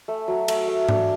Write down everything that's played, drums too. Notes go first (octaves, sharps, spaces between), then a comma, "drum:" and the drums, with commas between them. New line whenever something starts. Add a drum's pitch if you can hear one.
A3
F#3
A3, drum: cymbal
A3
D4, drum: tom G#2